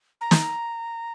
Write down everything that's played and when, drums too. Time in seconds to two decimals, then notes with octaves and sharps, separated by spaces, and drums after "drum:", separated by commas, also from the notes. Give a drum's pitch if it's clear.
0.21 A#5
0.31 drum: snare